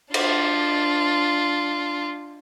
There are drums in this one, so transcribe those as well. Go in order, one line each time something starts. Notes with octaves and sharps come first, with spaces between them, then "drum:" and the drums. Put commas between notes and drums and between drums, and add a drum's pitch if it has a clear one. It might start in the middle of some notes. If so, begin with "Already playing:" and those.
D4 F4, drum: cymbal